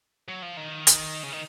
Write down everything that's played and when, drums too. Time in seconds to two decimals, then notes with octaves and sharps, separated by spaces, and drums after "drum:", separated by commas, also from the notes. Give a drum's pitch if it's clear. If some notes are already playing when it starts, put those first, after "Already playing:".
0.28 F#3
0.42 F3
0.57 D#3
0.87 drum: hi-hat
1.24 C#3
1.32 D#3